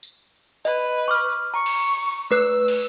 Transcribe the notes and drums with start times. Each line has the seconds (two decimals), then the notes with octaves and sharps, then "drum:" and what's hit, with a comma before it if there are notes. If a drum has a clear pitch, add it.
0.03 drum: tambourine
0.65 B4 D#5
1.08 C#6 D6 F6
1.54 A#5 C#6
1.66 drum: cymbal
2.31 A3 B4 E6 F#6
2.68 drum: cymbal